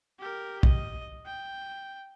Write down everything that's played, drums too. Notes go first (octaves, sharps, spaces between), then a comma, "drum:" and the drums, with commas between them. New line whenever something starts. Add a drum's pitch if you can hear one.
G4 A#4
D#5, drum: kick
G5